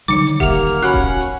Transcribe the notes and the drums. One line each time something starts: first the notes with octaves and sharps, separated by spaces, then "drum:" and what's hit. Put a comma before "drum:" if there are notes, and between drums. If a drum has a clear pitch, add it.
D3 D#3 F#3 G3 D#4 D6 C#7
drum: hi-hat
A#3 G4 E5 F#5 F6 F7, drum: kick D#1, hi-hat
drum: hi-hat
drum: hi-hat
C#4 F#4 F#5 G#5 B5 F#6, drum: hi-hat
drum: kick D#1
drum: hi-hat